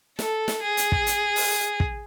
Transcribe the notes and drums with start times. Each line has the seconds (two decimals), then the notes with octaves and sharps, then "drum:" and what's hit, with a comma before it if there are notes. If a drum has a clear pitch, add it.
0.19 A4, drum: snare
0.48 drum: snare
0.63 G#4
0.77 drum: hi-hat
0.92 drum: kick
1.06 drum: hi-hat
1.36 drum: open hi-hat
1.80 drum: kick